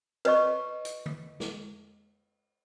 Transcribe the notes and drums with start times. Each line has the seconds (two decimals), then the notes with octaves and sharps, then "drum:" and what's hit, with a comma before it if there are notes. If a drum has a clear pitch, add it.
0.25 B4 C#5 D#5 C#6, drum: cymbal
0.85 drum: hi-hat
1.06 drum: tom D3
1.40 drum: snare